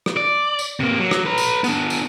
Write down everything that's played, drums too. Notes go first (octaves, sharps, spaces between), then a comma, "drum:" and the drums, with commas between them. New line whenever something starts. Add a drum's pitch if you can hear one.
drum: rim click
D5
drum: tambourine
C3 A#3
F#3
drum: rim click
B4 A#5
drum: tambourine
B3 D4, drum: tambourine
drum: tambourine